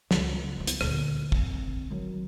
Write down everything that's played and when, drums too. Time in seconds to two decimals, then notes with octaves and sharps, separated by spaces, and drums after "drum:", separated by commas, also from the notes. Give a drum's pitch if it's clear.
0.11 C#2, drum: snare
0.57 E3 B3
0.67 drum: hi-hat
0.81 D2 A#2, drum: rim click
1.32 C4, drum: kick
1.90 D#3 F#3